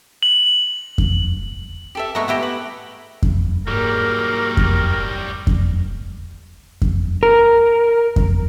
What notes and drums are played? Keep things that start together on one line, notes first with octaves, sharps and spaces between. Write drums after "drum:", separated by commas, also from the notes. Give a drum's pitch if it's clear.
F#7
drum: kick F2
G4 A4 E5
G#3 A3 B3 A#5 C#6
B3 E4 G4 F#5 A#5
B4 F#5
drum: kick F2
G#2 F#3 G3 A#3 A#4
drum: kick F2
drum: kick F2
drum: kick F2
A#4
drum: kick F2